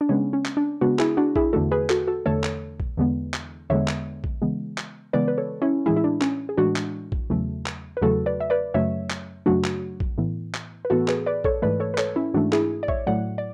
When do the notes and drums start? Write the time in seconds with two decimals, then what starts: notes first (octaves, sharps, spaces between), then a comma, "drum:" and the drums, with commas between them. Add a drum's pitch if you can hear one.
0.01 D4
0.09 C#3 G#3 B3 C#4
0.33 C#4
0.45 drum: clap
0.57 D4
0.81 C#3 G#3 B3 D4 F#4
0.99 E4 G#4, drum: clap
1.17 D4 F#4
1.36 E4 G#4, drum: kick A#1
1.53 E2 D3 A3 F#4 A4
1.71 G#4 B4
1.90 F#4 A4, drum: clap
2.07 F#4 A4
2.26 E2 D3 A3 A4 C#5
2.44 drum: clap
2.80 drum: kick A#1
2.97 E2 D3 G#3 B3
3.34 drum: clap
3.70 E2 D3 G#3 B3 C#5 E5
3.88 drum: clap
4.24 drum: kick A#1
4.42 C#3 E3 G#3 B3
4.78 drum: clap
5.13 C#3 E3 G#3 B3 B4 D5
5.28 B4
5.38 A4 C#5
5.62 C#4 E4
5.86 A2 E3 G#3 E4 G#4
5.96 E4
6.04 D4
6.21 C#4, drum: clap
6.49 G#4
6.57 A2 E3 G#3 D4 F#4
6.76 drum: clap
7.12 drum: kick A#1
7.30 E2 C#3 F#3 A3
7.66 drum: clap
7.97 B4
8.02 E2 C#3 F#3 A3 F#4 A4
8.26 B4 D5
8.40 E5
8.50 B4 D5
8.74 F#2 C#3 F#3 A3 C#5 E5
9.10 drum: clap
9.46 F#2 C#3 F#3 A3 D4 F#4
9.64 drum: clap
10.00 drum: kick A#1
10.18 A2 E3 B3
10.54 drum: clap
10.85 B4
10.90 A2 E3 B3 F#4 A4
11.08 G#4 B4, drum: clap
11.26 B4 D5
11.44 A4 C#5, drum: kick A#1
11.62 G#2 E3 A3 B4 D5
11.80 A4 C#5
11.94 B4
11.98 A4 C#5, drum: clap
12.16 C#4 E4
12.34 G#2 E3 A3 D4 F#4
12.53 E4 G#4, drum: clap
12.83 D5
12.88 C#5 E5, drum: kick A#1
13.07 A2 F#3 A3 D5 F#5
13.38 D5